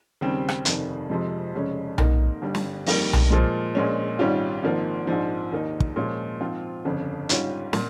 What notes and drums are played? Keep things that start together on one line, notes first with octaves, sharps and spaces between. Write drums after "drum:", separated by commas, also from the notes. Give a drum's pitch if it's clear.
D#2 C#3 G3 C4
drum: rim click
F1 F2 D#3, drum: hi-hat
F2 C3 F3 G#3
F1 F2 C#3 G#3 C#4
G#2 D#3 A#3 D#4, drum: tom B1
G1 G2 G3
drum: snare
F2 D#3 G3 A#3, drum: open hi-hat
drum: tom B1
A#2 F3 G#3
A#1 A#2 G#3 C#4
G#1 G#2 G3 C#4 F4
G#1 G#2 F3 A#3
A#1 G#2 F3
D#2 D#3 A#3 D#4
drum: kick
A#2 F3 G#3 C#4 F4
G#2 F3 C4 F4
G1 F2 C#3
G#2 G3 C#4 F4, drum: hi-hat
A#2, drum: snare